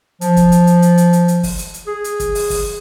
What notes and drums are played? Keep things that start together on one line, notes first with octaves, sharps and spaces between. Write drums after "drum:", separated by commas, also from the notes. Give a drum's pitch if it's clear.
F3, drum: hi-hat
drum: kick, hi-hat
drum: hi-hat
drum: hi-hat
drum: hi-hat
drum: hi-hat
drum: hi-hat
drum: hi-hat
drum: kick, open hi-hat
drum: hi-hat
drum: hi-hat
G#4
drum: hi-hat
drum: kick, hi-hat
drum: open hi-hat
drum: kick, open hi-hat